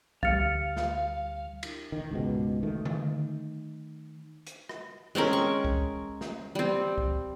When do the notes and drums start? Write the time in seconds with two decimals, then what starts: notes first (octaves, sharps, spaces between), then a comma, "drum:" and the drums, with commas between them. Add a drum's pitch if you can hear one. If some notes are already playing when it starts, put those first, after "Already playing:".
0.23 D2 G3 F5 F6 A6 C#7, drum: kick C#2
0.77 drum: snare
1.63 drum: cymbal
1.92 D#3
2.11 C#2 G#2 B2
2.63 D#3 A3
2.85 drum: tom D3
4.47 drum: hi-hat
4.69 drum: rim click
5.15 G#3 C4 C#4 A#4
5.33 C#6
5.64 drum: kick C#2
6.21 drum: snare
6.55 G3 C4
6.98 drum: kick C#2